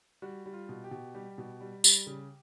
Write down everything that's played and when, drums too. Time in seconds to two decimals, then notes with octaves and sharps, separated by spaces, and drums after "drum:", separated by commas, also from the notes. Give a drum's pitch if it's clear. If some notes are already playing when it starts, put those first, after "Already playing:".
0.22 G3 F#4
0.46 G3
0.53 F4
0.69 B2
0.84 G4
0.91 B2
1.15 G3 G4
1.38 B2
1.61 G3
1.84 G3, drum: tambourine
2.07 C#3